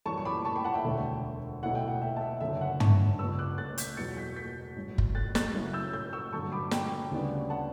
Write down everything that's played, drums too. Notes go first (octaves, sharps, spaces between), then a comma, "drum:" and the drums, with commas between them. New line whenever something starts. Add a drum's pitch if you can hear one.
F#2 E3 G3 A5 C#6
C#6
B5 D6
A5 C#6
G5 B5
F#5 A5
E5 G5
E1 D2 D3
B1 B2 A3 E4 F#5
G5
F#5
E5 G5
A5
E5 G5
F#1 F#2 D3 E5
F#5
A5 C#6, drum: tom
C#2 C#3 G3 B3 C#6 E6
D6 F#6
F#6 A6
G6 B6, drum: hi-hat
E2 B2 F#3 A6 C#7
G6 B6
G6 B6
A1 G2 F#3
drum: kick
F#6 A6
F#6 A6, drum: snare
F#2 C#3 F#3 A3 E4
E6 G6
E6 G6
C#6 E6
G2 D3 F#3 A5 C#6
B5 D6
G5 B5, drum: snare
D2 C#3 G3 B3 D4
F#5 A5